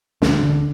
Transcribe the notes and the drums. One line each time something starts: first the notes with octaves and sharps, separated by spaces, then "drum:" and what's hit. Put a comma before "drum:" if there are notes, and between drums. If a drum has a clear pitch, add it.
D2 D3, drum: snare
D3